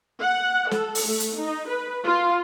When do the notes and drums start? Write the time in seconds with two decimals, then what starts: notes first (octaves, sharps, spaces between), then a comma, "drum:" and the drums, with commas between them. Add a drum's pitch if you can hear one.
0.22 F#5
0.71 A4, drum: snare
0.95 drum: open hi-hat
1.07 A3
1.20 drum: hi-hat
1.38 D#4
1.70 B4
2.06 F4